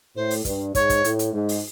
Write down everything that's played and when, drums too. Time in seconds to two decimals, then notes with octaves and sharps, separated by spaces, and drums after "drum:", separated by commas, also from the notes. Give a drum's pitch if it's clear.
0.16 A2 C5
0.30 drum: open hi-hat
0.45 G2, drum: kick, hi-hat
0.75 G#2 C#5, drum: kick, hi-hat
0.90 drum: kick, hi-hat
1.04 A2, drum: hi-hat
1.19 drum: hi-hat
1.33 G#2
1.49 drum: open hi-hat